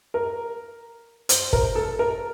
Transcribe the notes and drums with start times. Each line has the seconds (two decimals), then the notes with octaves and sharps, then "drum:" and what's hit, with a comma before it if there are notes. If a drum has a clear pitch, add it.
0.14 A#4
1.29 C5, drum: hi-hat
1.53 A#4, drum: kick
1.75 A4
1.99 A#4